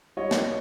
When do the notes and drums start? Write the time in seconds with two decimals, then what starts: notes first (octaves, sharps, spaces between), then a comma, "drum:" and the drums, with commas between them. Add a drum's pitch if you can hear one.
0.17 G3 C#5 D#5
0.31 drum: snare